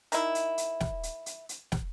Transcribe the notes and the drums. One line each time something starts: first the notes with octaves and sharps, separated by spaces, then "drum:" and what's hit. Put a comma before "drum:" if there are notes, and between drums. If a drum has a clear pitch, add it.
D#3 E4, drum: hi-hat
drum: hi-hat
drum: hi-hat
drum: snare
drum: hi-hat
drum: hi-hat
drum: hi-hat
drum: snare